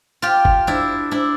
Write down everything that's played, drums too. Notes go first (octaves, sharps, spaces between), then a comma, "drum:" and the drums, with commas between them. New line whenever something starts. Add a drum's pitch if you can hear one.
F4 G4
drum: kick G1
D4 E4
D4 E4